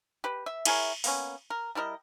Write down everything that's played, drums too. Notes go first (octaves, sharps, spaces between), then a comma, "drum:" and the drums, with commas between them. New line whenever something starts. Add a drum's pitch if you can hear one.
G4 B4
E5
E4 G#4 A#4 C#5, drum: cymbal
A#3 B3 C#4, drum: open hi-hat
A#4
G3 E4 A#4 D#5